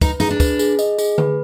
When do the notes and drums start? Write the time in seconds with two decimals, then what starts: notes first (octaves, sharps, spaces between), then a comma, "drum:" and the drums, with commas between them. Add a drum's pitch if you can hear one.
0.01 D#4 B4, drum: kick, tambourine
0.20 D#4 G#4, drum: tambourine
0.31 D4
0.40 B4, drum: kick, tambourine
0.59 G#4, drum: tambourine
0.79 D#5, drum: tambourine
0.98 G#4, drum: tambourine
1.18 B4, drum: tom D3